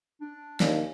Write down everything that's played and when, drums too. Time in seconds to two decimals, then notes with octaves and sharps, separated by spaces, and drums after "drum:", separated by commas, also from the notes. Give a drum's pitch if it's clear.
0.21 D4
0.60 D#2 D5 F5 G#5, drum: snare